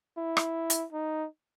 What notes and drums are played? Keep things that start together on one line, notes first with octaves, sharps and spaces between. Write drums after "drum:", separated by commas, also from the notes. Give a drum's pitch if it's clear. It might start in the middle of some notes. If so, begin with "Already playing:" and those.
E4
drum: rim click
drum: hi-hat
D#4